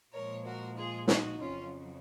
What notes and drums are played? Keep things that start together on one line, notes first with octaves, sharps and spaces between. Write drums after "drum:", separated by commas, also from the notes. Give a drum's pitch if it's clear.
A#2 F3 G#3 A#4 C#5
F#4 A#4
F4 G#4
D#4 F#4, drum: snare
F2 C#3 F#3 C#4 F4